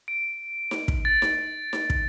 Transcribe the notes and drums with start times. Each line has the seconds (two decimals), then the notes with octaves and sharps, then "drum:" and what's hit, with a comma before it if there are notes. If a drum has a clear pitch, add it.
0.08 D7
0.71 drum: snare D#4
0.88 drum: kick
1.05 A6
1.22 drum: snare D#4
1.73 drum: snare D#4
1.90 drum: kick